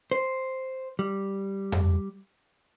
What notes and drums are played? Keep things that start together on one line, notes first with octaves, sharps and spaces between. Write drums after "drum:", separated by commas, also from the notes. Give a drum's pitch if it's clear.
C5
G3
drum: tom F2